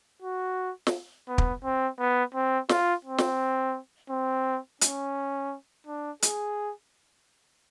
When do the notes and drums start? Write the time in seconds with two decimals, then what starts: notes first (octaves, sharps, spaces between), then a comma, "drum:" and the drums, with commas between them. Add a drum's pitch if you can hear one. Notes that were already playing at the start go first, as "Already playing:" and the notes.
0.22 F#4
0.87 drum: snare
1.29 B3
1.38 drum: kick
1.64 C4
1.99 B3
2.34 C4
2.69 F4, drum: snare
3.05 C4
3.18 drum: snare
4.10 C4
4.81 C#4, drum: hi-hat
5.86 D4
6.22 G#4, drum: hi-hat